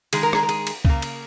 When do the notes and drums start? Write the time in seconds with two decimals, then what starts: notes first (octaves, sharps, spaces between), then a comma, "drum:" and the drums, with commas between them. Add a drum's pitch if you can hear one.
0.13 D#3 G#3 G#4, drum: cymbal
0.23 A#4
0.33 G#4, drum: rim click
0.43 A#4
0.49 G#4, drum: cymbal
0.67 drum: cymbal
0.85 C#3 A#3, drum: kick
1.02 drum: cymbal